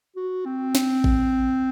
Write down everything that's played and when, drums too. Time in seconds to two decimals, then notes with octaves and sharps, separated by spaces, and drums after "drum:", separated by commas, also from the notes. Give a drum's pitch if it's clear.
0.16 F#4
0.45 C4
0.75 drum: snare
1.04 drum: kick A1